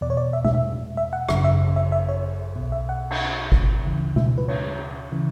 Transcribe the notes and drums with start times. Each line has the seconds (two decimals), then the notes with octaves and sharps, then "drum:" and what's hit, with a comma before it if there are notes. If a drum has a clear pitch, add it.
0.01 E2 B2 D5
0.10 C#5
0.17 D5
0.33 E5
0.45 E5, drum: tom B2
0.55 E5
0.97 E5
1.13 F#5
1.29 G#1 F#2 C#3 E5, drum: rim click
1.44 E5
1.60 drum: cymbal
1.76 E5
1.92 E5
2.09 C#5
2.56 B2
2.61 B1
2.72 E5
2.89 F#5
3.10 drum: cymbal
3.52 drum: kick G1
3.84 D2 C#3 E3
4.16 E5, drum: tom B2
4.38 B4
4.48 C#5, drum: cymbal
5.12 C#3 E3